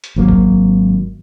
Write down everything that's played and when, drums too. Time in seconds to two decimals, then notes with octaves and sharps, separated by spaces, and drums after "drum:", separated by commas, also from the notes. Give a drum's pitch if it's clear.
0.04 drum: hi-hat
0.16 G#1 F#3 A#3
0.28 drum: kick B1